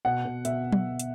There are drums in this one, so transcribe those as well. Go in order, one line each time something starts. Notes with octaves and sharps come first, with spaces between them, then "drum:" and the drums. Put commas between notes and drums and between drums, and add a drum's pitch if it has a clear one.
B2 F#5
B2
B2 E5, drum: hi-hat
drum: tom
drum: hi-hat